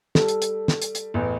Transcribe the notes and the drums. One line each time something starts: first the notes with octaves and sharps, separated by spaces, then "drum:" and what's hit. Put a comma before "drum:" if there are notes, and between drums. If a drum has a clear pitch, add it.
G3 A4, drum: snare
drum: hi-hat
drum: hi-hat
drum: snare
drum: hi-hat
drum: hi-hat
A1 E2 A2